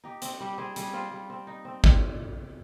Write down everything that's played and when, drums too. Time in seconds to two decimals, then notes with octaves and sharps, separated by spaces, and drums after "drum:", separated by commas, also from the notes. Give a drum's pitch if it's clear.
0.04 D#4 G4
0.22 C4, drum: hi-hat
0.40 G3 G4
0.58 C4 G#4
0.76 G3 G#4, drum: hi-hat
0.93 C4 F4
1.11 G3
1.30 C4
1.47 D#4
1.65 C4
1.84 C4, drum: kick